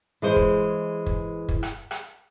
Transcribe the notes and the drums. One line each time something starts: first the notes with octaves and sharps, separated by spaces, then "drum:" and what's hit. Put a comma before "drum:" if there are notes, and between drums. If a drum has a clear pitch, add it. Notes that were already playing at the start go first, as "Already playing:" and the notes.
E3 G#3 C5
drum: kick
drum: kick
drum: kick
drum: rim click
drum: rim click